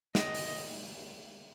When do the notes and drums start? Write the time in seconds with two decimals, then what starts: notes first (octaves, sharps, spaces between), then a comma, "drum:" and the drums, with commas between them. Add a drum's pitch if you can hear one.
0.15 D#5, drum: snare
0.34 drum: open hi-hat